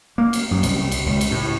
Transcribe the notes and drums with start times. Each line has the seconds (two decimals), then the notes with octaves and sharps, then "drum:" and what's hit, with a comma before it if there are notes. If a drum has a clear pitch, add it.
0.18 A#3
0.33 drum: cymbal
0.51 F#2
0.63 C2, drum: cymbal
0.92 drum: cymbal
1.06 C#2
1.21 drum: cymbal
1.31 A2